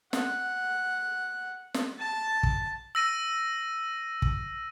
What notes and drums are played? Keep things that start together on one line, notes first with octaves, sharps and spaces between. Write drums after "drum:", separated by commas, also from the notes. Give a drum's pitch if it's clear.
F#5, drum: snare
drum: snare
A5
drum: kick
E6 A#6 D#7
drum: kick